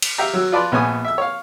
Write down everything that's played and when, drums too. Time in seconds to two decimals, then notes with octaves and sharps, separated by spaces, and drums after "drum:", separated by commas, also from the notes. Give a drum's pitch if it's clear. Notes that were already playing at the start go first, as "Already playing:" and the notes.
0.02 drum: cymbal
0.18 G4 E5 F5 G5 A#5
0.33 F#3 E6
0.52 F4 B4 D5 A5 B5 C6
0.72 A#1 B3 C#5 G#5 D#6
1.04 E5 E6
1.18 C#5 F5